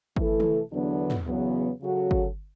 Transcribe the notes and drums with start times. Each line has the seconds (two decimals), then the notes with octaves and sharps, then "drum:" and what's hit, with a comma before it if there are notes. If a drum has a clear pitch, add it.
0.16 E3 A3 E4 A4, drum: kick G1
0.40 drum: tom
0.72 E2 D3 F#3 B3 D4
1.10 drum: tom
1.26 E2 C#3 F#3 B3
1.82 C#3 F#3 C#4 F#4 A4
2.11 drum: kick G1